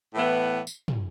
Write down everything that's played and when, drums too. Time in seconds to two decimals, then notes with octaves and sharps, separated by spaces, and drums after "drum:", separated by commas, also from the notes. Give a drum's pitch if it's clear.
0.14 A2 E3 B3
0.67 drum: tambourine
0.88 drum: tom